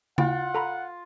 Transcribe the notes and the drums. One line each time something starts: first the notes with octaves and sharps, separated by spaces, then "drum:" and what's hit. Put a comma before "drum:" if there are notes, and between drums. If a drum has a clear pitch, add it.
E4 F4 F#5 G5, drum: tom C#3
A4 A#5 B5